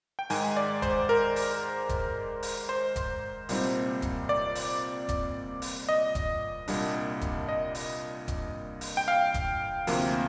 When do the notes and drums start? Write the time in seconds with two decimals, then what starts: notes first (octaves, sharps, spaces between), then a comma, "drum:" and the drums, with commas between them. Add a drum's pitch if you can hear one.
0.19 G5
0.30 G#2 D#3 G#3 G#5, drum: open hi-hat
0.57 D5
0.82 C5, drum: kick E1, hi-hat
1.09 A#4
1.36 drum: open hi-hat
1.89 drum: kick E1, hi-hat
2.43 drum: open hi-hat
2.69 C5
2.96 drum: kick E1, hi-hat
3.49 C2 A#2 G3 C4 D#4, drum: open hi-hat
4.02 drum: kick E1, hi-hat
4.29 D5
4.55 drum: open hi-hat
5.09 drum: kick E1, hi-hat
5.62 drum: open hi-hat
5.89 D#5
6.15 drum: kick E1, hi-hat
6.68 C2 A#2 G3 D4, drum: open hi-hat
7.21 drum: kick E1, hi-hat
7.49 D#5
7.75 drum: open hi-hat
8.28 drum: kick E1, hi-hat
8.81 drum: open hi-hat
8.97 G5
9.08 F5
9.34 drum: kick E1, hi-hat
9.87 D2 C3 F3 A#3, drum: open hi-hat